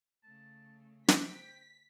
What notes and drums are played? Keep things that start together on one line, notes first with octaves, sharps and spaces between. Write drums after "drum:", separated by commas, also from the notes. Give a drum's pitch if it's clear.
C#3 A3 A5
C5 G5 B6, drum: snare